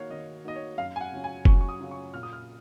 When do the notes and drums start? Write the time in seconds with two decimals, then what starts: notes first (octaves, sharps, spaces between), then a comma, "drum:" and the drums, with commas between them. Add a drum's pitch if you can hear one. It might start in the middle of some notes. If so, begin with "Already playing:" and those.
Already playing: D#3 A#3 D#4 F#4 C#5 F5
0.10 D#3 D#5
0.44 A#3 D#4 F#4 D#5
0.56 C#5
0.78 F#2 F5
0.96 G#5
1.01 F#5
1.12 C#3 F#3 C#4 F4
1.24 G#5
1.45 F#2 C#6, drum: kick
1.61 C#6
1.69 D#6
1.80 C#3 F#3 C#4 F4
1.91 C#6
2.14 A#2 F6
2.23 D#6
2.33 F6